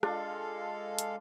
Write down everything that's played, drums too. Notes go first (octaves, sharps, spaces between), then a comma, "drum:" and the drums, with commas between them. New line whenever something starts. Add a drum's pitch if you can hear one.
G#3 D4 F4 A4 F5, drum: rim click
drum: hi-hat